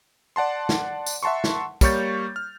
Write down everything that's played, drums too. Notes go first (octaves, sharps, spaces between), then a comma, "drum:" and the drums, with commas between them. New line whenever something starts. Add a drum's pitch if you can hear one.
D5 F#5 A5 C6
drum: snare
drum: tambourine
E5 F#5 A5 C6 C#6
drum: snare
G3 A#3 C#5 C#6 G6 A6, drum: kick, tambourine
F6